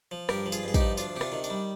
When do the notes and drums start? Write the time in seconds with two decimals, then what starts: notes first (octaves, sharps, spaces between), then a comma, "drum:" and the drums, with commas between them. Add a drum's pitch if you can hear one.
0.11 F3
0.29 G2 G4 A#4, drum: rim click
0.46 F3
0.52 F4 G#4, drum: tambourine
0.63 G2 G#4
0.74 D#4 G4, drum: kick, tambourine
0.81 F3
0.97 D2 D4 F4, drum: tambourine
1.16 C3 G4
1.21 D4 F4, drum: rim click
1.32 D#3
1.44 D4, drum: tambourine
1.50 G3